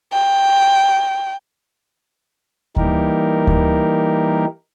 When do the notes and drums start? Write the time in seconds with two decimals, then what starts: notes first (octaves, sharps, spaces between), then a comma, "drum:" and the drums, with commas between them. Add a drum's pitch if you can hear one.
0.13 G5
2.76 E3 G3 A#3 D#4 G4 A#4, drum: kick D2
3.47 drum: kick D2